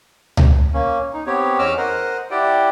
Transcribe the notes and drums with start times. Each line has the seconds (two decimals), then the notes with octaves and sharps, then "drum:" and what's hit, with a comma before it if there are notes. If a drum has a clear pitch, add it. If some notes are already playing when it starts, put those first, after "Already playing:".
0.37 drum: tom C#2
0.74 A#3 C#4
1.13 D#4
1.27 B3 C4 G4 C#5
1.59 E2 C#4 D#5 D6 E6 F6
1.78 A#4 C5 D#5 F#5
2.31 E4 G4 D5 F#5 G5